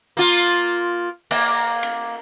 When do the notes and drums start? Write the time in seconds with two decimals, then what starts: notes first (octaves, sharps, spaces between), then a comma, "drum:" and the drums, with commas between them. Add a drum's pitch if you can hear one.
0.17 A#3 F4
1.31 A#3, drum: cymbal
1.83 drum: cymbal